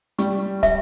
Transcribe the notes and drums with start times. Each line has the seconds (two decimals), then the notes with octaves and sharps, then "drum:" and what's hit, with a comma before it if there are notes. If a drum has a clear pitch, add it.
0.19 G3 C#6, drum: hi-hat
0.63 E5, drum: kick, hi-hat